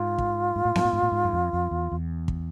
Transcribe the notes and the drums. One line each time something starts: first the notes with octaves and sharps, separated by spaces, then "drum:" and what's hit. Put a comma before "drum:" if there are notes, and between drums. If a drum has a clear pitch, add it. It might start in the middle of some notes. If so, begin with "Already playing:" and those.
Already playing: G#2 F4
drum: kick
G#2
A2
G#2, drum: snare B3
A2
G#2
A2
G#2
F#2
F2
F2
E2
E2
drum: kick